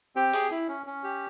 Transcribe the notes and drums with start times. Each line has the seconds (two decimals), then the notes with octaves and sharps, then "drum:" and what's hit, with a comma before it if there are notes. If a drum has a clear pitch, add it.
0.16 C4 G4 G5
0.34 G#4, drum: open hi-hat
0.51 E4
0.68 C#4
0.86 C#4
1.04 G4